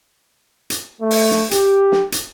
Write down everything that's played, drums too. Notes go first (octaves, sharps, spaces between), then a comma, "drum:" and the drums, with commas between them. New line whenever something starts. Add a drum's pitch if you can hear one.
drum: hi-hat
A3
drum: open hi-hat
drum: snare
G4, drum: hi-hat
drum: snare
drum: hi-hat